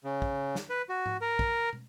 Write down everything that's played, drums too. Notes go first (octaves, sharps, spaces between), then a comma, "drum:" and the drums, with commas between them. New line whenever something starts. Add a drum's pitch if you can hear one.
C#3
drum: kick
drum: snare
B4
F#4
drum: tom G#2
A#4
drum: kick
drum: tom